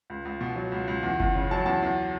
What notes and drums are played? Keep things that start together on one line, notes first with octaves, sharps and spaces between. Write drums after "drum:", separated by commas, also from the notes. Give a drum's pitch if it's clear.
C#2
C#2
B2
F#3
C#2
C#2
E2
E2, drum: kick F#1
C#3
F#3 A5
E2 A5
E2